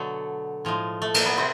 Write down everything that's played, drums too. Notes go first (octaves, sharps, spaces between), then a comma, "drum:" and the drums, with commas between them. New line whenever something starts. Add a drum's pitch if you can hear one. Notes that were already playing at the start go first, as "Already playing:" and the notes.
Already playing: B2 D3 F#3 A3 B3
A2 F3 G#3
A3
A#3, drum: cymbal
B3
C3 C4